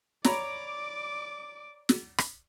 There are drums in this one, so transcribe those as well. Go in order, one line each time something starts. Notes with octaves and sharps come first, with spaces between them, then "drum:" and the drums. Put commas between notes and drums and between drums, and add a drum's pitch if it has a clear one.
C#5 D5 A#5 B5 D6, drum: snare
drum: snare
drum: rim click